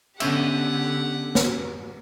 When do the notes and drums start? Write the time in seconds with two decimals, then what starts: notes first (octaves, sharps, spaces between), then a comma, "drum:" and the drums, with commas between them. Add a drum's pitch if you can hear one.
0.20 D3 B3 C#4 G4 E5 F#5, drum: cymbal
1.35 drum: snare